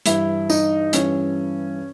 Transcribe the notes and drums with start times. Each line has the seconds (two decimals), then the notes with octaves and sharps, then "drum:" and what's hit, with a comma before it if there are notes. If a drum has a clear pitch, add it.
0.06 G2 E3 E4, drum: hi-hat
0.50 D#4, drum: tambourine
0.93 G2 E3 C#4, drum: hi-hat